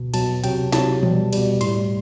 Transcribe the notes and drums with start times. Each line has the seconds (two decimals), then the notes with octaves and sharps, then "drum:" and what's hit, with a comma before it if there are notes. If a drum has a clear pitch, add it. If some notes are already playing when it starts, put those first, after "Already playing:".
Already playing: B2
0.14 B2 F#3 A5, drum: cymbal
0.44 C3 F#3 G5, drum: cymbal
0.72 C3 F#3 A5, drum: snare
1.03 B2 G3, drum: tom E3
1.33 B2 G3, drum: cymbal
1.61 A2 C6, drum: cymbal
1.66 G3